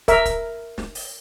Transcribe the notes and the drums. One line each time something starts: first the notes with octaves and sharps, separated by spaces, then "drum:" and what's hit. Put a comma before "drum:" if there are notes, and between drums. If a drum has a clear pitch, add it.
A#4 E5, drum: kick, hi-hat
drum: kick, hi-hat
drum: snare
drum: open hi-hat